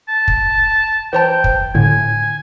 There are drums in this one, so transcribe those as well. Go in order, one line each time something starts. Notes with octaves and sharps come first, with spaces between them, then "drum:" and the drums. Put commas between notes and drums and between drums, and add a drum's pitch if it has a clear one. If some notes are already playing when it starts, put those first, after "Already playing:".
A5
drum: kick
E3 C5 G5 A5
drum: kick
A2 D3 G#5